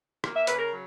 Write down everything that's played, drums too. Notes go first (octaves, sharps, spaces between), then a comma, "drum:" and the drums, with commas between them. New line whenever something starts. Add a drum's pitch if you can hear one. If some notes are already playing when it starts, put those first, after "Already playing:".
A#3, drum: rim click
E5
C#3 B4, drum: hi-hat
A#4
F#3